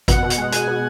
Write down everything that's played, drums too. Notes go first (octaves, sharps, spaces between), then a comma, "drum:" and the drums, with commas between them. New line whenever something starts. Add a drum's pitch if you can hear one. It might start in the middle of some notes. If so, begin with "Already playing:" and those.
B2 F#5, drum: kick G#1, hi-hat
B2
F#5, drum: hi-hat
G#3
B2 G#5, drum: hi-hat
B2